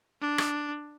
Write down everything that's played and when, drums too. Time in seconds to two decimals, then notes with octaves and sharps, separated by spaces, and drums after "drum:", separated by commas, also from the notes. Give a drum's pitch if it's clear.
0.21 D4
0.38 drum: rim click